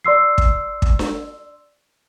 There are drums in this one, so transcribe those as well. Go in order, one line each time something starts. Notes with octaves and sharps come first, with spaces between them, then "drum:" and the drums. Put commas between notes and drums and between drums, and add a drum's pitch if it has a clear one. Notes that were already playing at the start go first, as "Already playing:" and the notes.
D5 C6 E6 C7
drum: kick
drum: kick
drum: snare D4